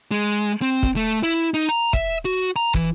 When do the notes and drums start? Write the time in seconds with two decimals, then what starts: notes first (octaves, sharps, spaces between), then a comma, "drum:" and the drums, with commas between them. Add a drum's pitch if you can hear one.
0.11 G#3
0.62 C4
0.83 drum: kick
0.96 A3
1.23 E4
1.54 D#4
1.69 A#5
1.93 E5, drum: kick
2.25 F#4
2.56 A#5
2.74 E3, drum: kick